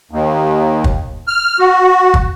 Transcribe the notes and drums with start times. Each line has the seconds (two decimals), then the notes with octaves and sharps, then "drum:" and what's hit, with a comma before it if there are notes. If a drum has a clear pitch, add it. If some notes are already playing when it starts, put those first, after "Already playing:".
0.11 D#2
0.84 drum: kick
1.27 F6
1.59 F#4
2.14 drum: kick